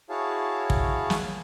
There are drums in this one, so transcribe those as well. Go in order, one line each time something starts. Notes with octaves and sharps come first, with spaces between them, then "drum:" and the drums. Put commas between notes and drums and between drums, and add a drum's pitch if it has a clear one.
E4 F#4 G#4 C#5 F5 A5
drum: kick
drum: snare